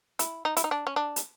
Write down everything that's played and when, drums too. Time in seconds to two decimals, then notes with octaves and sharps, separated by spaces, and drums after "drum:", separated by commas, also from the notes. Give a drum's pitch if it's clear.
0.19 E4, drum: hi-hat
0.45 D#4
0.57 E4, drum: hi-hat
0.64 D#4
0.71 D4
0.87 C#4
0.96 D4
1.16 drum: hi-hat